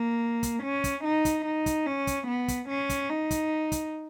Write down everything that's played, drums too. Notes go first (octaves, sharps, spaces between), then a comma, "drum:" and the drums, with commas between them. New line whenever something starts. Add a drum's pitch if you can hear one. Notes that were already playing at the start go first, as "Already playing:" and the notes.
Already playing: A#3
drum: kick, hi-hat
C#4
drum: kick, hi-hat
D#4
drum: kick, hi-hat
D#4
drum: kick, hi-hat
C#4
drum: kick, hi-hat
B3
drum: kick, hi-hat
C#4
drum: kick, hi-hat
D#4
drum: kick, hi-hat
drum: kick, hi-hat